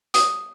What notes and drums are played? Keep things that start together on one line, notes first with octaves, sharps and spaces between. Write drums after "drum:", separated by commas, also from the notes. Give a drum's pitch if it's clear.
D#6, drum: hi-hat